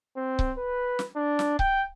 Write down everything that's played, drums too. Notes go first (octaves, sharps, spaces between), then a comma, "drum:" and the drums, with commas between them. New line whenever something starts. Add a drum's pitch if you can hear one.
C4
drum: kick C#1
B4
drum: snare
D4
drum: snare
G5, drum: kick C#1